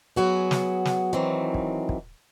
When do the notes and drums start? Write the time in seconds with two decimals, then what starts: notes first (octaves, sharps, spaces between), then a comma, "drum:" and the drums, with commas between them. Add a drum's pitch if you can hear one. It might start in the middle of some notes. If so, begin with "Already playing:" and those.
0.16 F#3 B3 F#4 G#4
0.51 drum: snare
0.85 drum: snare
1.13 D#3 E3 F#3 C4
1.54 drum: kick
1.89 drum: kick